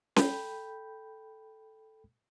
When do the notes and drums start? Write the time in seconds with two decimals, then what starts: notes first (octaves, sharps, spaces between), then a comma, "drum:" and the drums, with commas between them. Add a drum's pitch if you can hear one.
0.16 A4 G5 B5 G6, drum: snare C#4